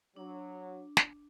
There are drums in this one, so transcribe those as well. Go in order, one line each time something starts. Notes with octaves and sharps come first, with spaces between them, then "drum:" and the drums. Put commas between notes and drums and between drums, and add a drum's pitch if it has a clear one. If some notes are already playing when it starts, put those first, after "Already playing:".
F#3 D4
drum: snare